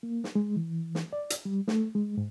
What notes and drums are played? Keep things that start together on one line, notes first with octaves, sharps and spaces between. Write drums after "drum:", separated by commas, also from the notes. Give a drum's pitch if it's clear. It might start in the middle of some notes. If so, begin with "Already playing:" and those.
A#3
drum: snare
G#3
E3
drum: snare
D5
drum: hi-hat
G3
A3, drum: snare
G#3
G#2